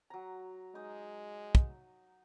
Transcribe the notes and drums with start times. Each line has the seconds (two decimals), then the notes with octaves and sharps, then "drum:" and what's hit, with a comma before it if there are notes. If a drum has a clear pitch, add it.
0.10 F#3 A#5
0.75 G#3 D#4 D#5
1.55 drum: kick